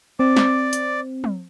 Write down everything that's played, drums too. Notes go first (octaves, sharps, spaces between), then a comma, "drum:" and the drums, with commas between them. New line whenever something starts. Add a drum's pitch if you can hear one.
C4 D5 D6
drum: snare
drum: hi-hat
drum: tom